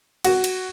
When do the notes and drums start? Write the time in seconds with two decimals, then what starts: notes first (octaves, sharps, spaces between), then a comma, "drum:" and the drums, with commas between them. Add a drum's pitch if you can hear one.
0.24 F#4, drum: cymbal
0.44 drum: cymbal